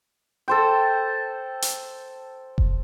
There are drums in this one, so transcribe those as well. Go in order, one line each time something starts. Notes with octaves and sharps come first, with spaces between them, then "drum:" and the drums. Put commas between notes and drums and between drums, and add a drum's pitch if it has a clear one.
A4 C5 G5
drum: hi-hat
drum: kick F1